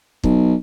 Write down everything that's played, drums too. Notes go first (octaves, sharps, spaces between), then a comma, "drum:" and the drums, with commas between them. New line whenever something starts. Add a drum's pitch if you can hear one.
B1, drum: kick